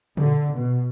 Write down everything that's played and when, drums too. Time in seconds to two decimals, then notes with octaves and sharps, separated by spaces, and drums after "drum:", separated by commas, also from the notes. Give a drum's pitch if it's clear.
0.17 D3, drum: tom A#2
0.55 B2